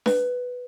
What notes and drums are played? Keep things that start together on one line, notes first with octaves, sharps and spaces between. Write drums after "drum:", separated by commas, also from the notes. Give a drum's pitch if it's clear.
B4, drum: snare D4